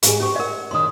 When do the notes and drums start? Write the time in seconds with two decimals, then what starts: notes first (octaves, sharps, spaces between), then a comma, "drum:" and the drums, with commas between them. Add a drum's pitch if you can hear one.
0.03 G#2 G4 G#4, drum: hi-hat
0.20 C#4 F#4 G4 C5 C#6
0.36 A#4 D5 E5 F#5
0.71 F#2 B2 D#3 C6 D#6